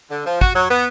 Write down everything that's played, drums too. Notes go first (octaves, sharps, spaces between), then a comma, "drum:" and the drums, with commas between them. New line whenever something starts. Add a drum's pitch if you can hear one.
D3
F3
F#4, drum: kick
F#3
B3